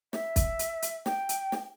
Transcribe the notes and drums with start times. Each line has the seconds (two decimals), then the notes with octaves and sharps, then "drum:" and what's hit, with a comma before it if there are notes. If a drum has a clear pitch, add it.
0.13 E5, drum: snare
0.36 drum: kick, hi-hat
0.59 drum: hi-hat
0.82 drum: hi-hat
1.06 G5, drum: snare
1.29 drum: hi-hat
1.52 drum: snare